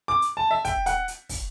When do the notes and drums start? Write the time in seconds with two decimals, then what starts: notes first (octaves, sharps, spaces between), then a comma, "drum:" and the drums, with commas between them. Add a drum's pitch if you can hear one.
0.08 D6
0.22 drum: hi-hat
0.37 A5
0.51 E5
0.65 G5, drum: kick, hi-hat
0.86 F#5, drum: hi-hat
1.08 drum: hi-hat
1.29 drum: kick, open hi-hat